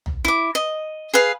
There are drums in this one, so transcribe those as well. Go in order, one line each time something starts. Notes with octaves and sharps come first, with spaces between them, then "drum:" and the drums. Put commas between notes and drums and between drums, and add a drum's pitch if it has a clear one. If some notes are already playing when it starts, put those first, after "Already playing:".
drum: tom
E4 D6
D#5
G#4 B4 F5